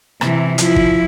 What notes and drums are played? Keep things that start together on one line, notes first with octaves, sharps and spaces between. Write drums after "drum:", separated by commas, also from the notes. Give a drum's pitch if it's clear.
C3 E3, drum: rim click
F3 E4, drum: hi-hat
drum: kick